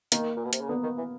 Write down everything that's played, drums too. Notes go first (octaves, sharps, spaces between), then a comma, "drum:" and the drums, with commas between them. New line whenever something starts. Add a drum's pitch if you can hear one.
D#3 A#3, drum: hi-hat
A#2
B2
C3, drum: hi-hat
C#3
D3 B3
D#3
E3